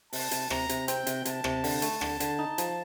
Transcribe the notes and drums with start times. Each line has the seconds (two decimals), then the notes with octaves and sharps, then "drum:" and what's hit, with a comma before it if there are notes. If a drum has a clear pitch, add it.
0.13 C3 A5, drum: open hi-hat
0.31 C3, drum: hi-hat
0.50 C3 A#5, drum: rim click
0.69 C3, drum: hi-hat
0.88 C4 G5, drum: hi-hat
1.07 C3, drum: hi-hat
1.25 C3 A5, drum: hi-hat
1.44 C3, drum: rim click
1.64 D3, drum: open hi-hat
1.82 A3, drum: hi-hat
2.01 D3, drum: rim click
2.20 D3, drum: hi-hat
2.39 D#4
2.58 F3, drum: hi-hat